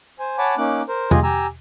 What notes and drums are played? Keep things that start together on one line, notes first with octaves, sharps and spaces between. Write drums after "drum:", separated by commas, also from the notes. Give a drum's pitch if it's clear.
C5 G#5
C#5 F#5 G#5 A5 B5 D6
A#3 C#4 D#4 D6 F#6
A#4 C5
F4 G4 G#4 D#5 G#5, drum: tom E2
G4 G#5 A#5 E6